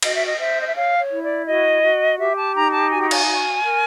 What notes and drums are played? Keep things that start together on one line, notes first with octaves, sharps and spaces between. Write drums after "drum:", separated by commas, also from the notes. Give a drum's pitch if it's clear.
F#4 D#5, drum: cymbal
E5
D#5
C5 E5
D#5
E5
C#5 F5
C#5
E4
D5
F#4 D#5
F#4
G4 E5
A5
D#4 A#5
A5
F#4 G#5
G5
G#5, drum: cymbal
F#4
A#4